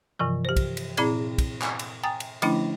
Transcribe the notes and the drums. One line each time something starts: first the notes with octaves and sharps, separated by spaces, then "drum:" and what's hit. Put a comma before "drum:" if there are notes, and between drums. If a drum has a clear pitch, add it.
G2 C3 E3 F3
G4 C5
drum: kick, cymbal
drum: cymbal
A#2 C4 E4 G#4 D5 G#6, drum: cymbal
drum: kick, cymbal
G#5, drum: clap
drum: cymbal
G5 G#5 A#5 D#6 A6
drum: cymbal
D3 F3 A3 C#4 D4 E4, drum: cymbal